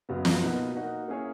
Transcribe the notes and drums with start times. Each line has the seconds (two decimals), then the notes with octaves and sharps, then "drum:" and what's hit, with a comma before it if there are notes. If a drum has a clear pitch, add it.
0.09 F#2 C#3 F#3 B3 F#4
0.25 drum: snare
0.42 B2 A#3 D#4 F#4 B4
0.76 A#3 D#4 F#4
1.08 A#3 C#4 E4 G#4 C#5